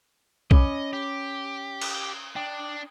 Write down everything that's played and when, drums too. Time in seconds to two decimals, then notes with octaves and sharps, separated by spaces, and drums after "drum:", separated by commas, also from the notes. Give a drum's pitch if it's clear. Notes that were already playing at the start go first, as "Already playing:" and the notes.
0.51 C#4 C#5 D#5 B5 D6, drum: kick
0.93 G4
1.81 drum: cymbal
2.36 D4 G5